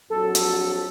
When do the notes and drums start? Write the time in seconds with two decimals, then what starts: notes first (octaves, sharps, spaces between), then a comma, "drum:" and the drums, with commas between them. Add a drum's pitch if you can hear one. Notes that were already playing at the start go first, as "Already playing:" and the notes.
0.10 A#1 F2 F#3 A4
0.35 drum: hi-hat